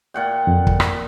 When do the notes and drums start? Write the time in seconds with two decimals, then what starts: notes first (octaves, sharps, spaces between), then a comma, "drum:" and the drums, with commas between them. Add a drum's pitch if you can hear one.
0.14 A#2 F#5 G5
0.47 F2
0.67 drum: kick
0.80 drum: rim click